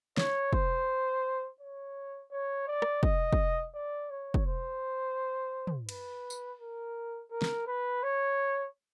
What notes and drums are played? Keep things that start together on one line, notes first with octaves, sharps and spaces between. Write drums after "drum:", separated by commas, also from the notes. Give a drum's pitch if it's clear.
C#5, drum: snare
C5, drum: kick
C#5
C#5
D5
drum: rim click
D#5, drum: kick
drum: kick
D5
C#5
drum: kick
C5
drum: tom
B4, drum: cymbal
drum: tambourine
A#4
A#4
drum: snare
B4
C#5